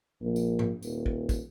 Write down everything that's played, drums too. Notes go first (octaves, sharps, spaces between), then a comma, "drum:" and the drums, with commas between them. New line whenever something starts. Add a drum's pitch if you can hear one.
A#1
drum: tambourine
drum: tom G#2
D#1, drum: tambourine
drum: kick
drum: kick, tambourine